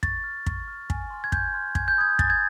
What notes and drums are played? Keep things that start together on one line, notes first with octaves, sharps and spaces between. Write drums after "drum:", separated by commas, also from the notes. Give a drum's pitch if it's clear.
C#6 A6, drum: kick
F6
C#6, drum: kick
F6
G#5, drum: kick
C6 F6
G#6
G#5 G6, drum: kick
C6 F6
G#5 G#6, drum: kick
G6
B5 D#6 F#6 G#6
G#5 A6, drum: kick
G#6